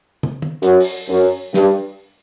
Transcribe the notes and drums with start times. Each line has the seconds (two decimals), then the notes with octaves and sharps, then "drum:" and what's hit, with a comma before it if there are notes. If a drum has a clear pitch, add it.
0.23 drum: tom
0.42 drum: tom
0.63 F#2, drum: hi-hat
0.80 drum: open hi-hat
1.09 F#2
1.54 G2, drum: snare